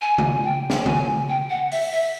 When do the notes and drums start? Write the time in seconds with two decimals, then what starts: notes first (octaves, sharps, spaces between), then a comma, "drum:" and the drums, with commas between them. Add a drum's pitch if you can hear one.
0.02 G#5
0.18 drum: tom C#3
0.44 G5
0.70 drum: snare
0.86 G#5, drum: tom C#3
1.29 G5
1.50 F#5
1.72 E5, drum: open hi-hat
1.92 E5